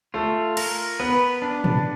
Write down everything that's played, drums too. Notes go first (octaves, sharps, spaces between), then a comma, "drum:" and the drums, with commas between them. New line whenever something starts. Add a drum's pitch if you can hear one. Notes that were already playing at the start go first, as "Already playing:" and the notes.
A3 F4
A#4, drum: cymbal
B3 B4
D4
drum: tom